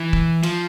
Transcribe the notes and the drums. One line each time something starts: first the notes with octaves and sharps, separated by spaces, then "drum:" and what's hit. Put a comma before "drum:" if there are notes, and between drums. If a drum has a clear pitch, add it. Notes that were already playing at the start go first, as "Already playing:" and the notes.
Already playing: E3
drum: kick
F3, drum: cymbal